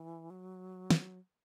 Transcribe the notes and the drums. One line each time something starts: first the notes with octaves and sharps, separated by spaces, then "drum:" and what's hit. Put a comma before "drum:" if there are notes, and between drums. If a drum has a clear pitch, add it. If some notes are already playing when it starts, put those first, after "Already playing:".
Already playing: E3
F#3
drum: snare